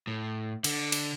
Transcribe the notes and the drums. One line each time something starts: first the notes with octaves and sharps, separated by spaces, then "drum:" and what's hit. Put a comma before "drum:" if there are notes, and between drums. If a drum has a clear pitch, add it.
A2
D3, drum: cymbal
drum: cymbal